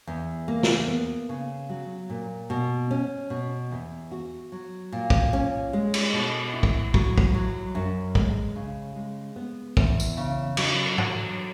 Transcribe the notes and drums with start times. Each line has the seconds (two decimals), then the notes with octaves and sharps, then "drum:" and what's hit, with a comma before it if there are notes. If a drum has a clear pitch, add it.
0.07 E2
0.48 A#3
0.63 drum: snare
0.88 B3
1.29 C#3
1.69 F#3
2.10 A#2
2.50 B2
2.91 C#4
3.30 B2
3.71 E2
4.12 F#4
4.52 F#3
4.92 A#2
5.10 drum: kick
5.33 C#4
5.73 G#3
5.94 drum: cymbal
6.13 B2
6.54 E4
6.63 drum: kick
6.94 F#3, drum: kick
7.18 drum: kick
7.34 F#3
7.75 F#2
8.15 G#3, drum: kick
8.56 C#3
8.96 G#3
9.36 B3
9.77 E2, drum: kick
10.00 drum: tambourine
10.17 C#3
10.57 F#3, drum: cymbal
10.98 F#3, drum: tom